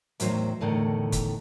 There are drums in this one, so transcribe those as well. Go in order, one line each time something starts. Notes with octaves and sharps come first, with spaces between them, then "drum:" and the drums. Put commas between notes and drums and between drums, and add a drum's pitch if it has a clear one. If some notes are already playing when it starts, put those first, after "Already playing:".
E2 A2 D#3 F#3 C5, drum: hi-hat
E2 A2 D3 D#3
drum: kick F1, hi-hat